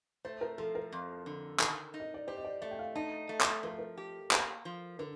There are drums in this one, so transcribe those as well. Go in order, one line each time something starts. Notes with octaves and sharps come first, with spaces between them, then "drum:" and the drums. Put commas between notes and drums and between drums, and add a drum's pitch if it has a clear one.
A3 C5
A#4
F3 A4
A#4
F2
D3
D#3, drum: clap
D#4
D#5
D5
G4 C5
D#5
D5
A3 D5
G5
F5
D#4 A5
A3
drum: clap
F3 A#4
A4
A#4
G4
A#3, drum: clap
F3
D3 A#4